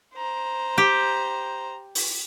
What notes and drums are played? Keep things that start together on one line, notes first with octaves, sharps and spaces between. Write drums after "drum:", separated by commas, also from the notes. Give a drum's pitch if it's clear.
C5 A#5
G4
drum: open hi-hat